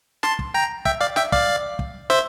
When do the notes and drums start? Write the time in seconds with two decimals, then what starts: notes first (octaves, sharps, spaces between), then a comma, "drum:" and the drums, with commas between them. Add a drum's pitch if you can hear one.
0.23 A5 C6, drum: snare
0.39 drum: kick
0.54 G5 A#5
0.85 E5 G5, drum: kick
1.01 D5 F5
1.16 E5 G5, drum: snare
1.32 D5 F5, drum: kick
1.79 drum: kick
2.10 C5 E5, drum: snare